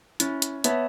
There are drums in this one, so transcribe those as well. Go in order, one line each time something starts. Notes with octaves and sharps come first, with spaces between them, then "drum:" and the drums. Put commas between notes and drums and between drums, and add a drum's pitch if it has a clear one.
C#4 E4, drum: hi-hat
drum: hi-hat
B3 C#5 E5 A5, drum: hi-hat